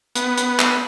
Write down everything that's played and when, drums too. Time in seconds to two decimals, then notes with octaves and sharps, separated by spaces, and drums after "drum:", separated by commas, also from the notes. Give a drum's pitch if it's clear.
0.16 B3, drum: hi-hat
0.37 drum: hi-hat
0.59 drum: clap